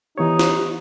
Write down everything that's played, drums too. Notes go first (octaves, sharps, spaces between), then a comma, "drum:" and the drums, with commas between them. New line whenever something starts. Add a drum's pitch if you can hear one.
E3 B3 D#4 G4 C#5
drum: snare